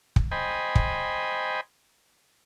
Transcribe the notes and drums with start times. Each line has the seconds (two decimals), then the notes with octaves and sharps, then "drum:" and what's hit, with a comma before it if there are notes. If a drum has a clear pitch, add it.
0.16 drum: kick
0.31 C5 D#5 G5 G#5 B5
0.75 drum: kick